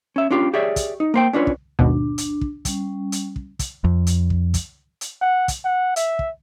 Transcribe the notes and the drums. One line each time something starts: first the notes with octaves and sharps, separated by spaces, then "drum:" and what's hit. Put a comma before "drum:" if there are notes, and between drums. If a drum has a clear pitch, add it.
C#4 E5
C#4 D4 F4 G4
G4 G#4 C#5 D5 E5
drum: kick, hi-hat
D#4
A#3 C5 G5
C#4 D4 F4 B4 C#5
drum: kick
G#1 D#2 B2 D4
drum: hi-hat
drum: kick
G3 C#4, drum: kick, hi-hat
drum: hi-hat
drum: kick
drum: kick, hi-hat
F2
drum: hi-hat
drum: kick
drum: kick, hi-hat
drum: hi-hat
F#5
drum: kick, hi-hat
F#5
E5, drum: hi-hat
drum: kick